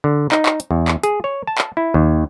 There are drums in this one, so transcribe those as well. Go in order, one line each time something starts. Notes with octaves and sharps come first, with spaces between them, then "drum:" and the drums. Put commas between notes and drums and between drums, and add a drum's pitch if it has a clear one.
D3
D#4, drum: clap
drum: clap
drum: hi-hat
E2
drum: clap
G#4, drum: hi-hat
C#5
A5
drum: clap
E4
D#2